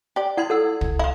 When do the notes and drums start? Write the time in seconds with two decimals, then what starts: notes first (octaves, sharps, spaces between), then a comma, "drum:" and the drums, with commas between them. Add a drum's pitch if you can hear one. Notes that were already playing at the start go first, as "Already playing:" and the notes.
0.16 G4 D5
0.37 E4 F#5 C6 G#6
0.50 A4 F#5 E6
0.81 drum: kick
0.99 E4 F4 F5